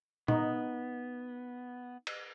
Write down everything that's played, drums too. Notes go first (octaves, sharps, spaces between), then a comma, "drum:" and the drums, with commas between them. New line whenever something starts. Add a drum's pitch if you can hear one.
B3 D#4, drum: tom A#2
drum: cymbal